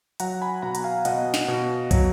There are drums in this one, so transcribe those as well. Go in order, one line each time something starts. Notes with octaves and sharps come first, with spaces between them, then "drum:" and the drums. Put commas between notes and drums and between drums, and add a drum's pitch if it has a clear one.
F#3 F#5 A#5, drum: hi-hat
G#5 B5
B2 F#5 A#5
A#5, drum: hi-hat
F5 G#5
B2 D#5 F#5, drum: hi-hat
drum: snare
B2
F#3, drum: kick, hi-hat